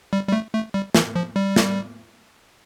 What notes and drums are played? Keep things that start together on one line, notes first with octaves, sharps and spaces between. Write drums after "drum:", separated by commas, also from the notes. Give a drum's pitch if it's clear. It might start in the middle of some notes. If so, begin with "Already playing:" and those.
G3
G3
A3
A3
G3
E3, drum: snare
F3
G3
drum: snare